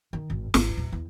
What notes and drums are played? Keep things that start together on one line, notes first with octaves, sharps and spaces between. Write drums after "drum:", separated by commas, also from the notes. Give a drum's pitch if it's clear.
D#3
G#1
G#1, drum: snare
D1
E2